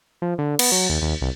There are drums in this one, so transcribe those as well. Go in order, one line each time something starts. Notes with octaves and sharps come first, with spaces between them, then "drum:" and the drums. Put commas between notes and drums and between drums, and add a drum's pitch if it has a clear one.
F3
D3
B3, drum: cymbal
F#3
D#2
D#2
C2